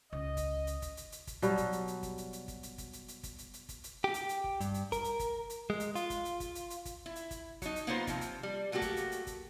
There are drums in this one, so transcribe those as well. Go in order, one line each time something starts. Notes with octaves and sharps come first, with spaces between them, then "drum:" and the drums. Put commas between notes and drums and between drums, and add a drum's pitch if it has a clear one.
C#2 D#5
drum: kick G1, hi-hat
drum: hi-hat
drum: kick G1, hi-hat
drum: hi-hat
drum: hi-hat
drum: kick G1, hi-hat
B2 F#3 G3, drum: hi-hat
drum: kick G1, hi-hat
drum: hi-hat
drum: hi-hat
drum: kick G1, hi-hat
drum: hi-hat
drum: hi-hat
drum: kick G1, hi-hat
drum: hi-hat
drum: kick G1, hi-hat
drum: hi-hat
drum: hi-hat
drum: kick G1, hi-hat
drum: hi-hat
drum: hi-hat
drum: kick G1, hi-hat
drum: hi-hat
G4
drum: hi-hat
drum: hi-hat
drum: kick G1
G2, drum: hi-hat
drum: hi-hat
A#4, drum: kick G1, hi-hat
drum: hi-hat
drum: kick G1, hi-hat
drum: hi-hat
G#3
drum: hi-hat
F4, drum: hi-hat
drum: kick G1, hi-hat
drum: hi-hat
drum: kick G1, hi-hat
drum: hi-hat
drum: hi-hat
drum: kick G1, hi-hat
E4
drum: hi-hat
drum: kick G1, hi-hat
F#3 D#4, drum: kick G1, hi-hat
drum: hi-hat
A#3 B3 D#4 F4 C5
C3 F3, drum: kick G1, hi-hat
drum: hi-hat
G3
F#3 A3 A#3 F#4 G4
drum: kick G1, hi-hat
drum: hi-hat
drum: hi-hat
drum: kick G1, hi-hat